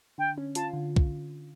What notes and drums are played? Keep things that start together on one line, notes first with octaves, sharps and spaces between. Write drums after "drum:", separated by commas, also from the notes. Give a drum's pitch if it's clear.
D3 G5
C#4
F4 A5, drum: hi-hat
D3
drum: kick